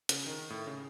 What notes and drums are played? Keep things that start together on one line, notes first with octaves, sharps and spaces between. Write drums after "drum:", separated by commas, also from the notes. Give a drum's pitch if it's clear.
C#3, drum: hi-hat
D#3
A2
C#3